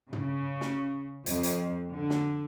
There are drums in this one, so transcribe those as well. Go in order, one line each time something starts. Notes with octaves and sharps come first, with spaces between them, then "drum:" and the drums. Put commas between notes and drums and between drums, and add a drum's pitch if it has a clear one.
C#3, drum: tom
drum: snare
F2, drum: hi-hat
drum: hi-hat
D3
drum: snare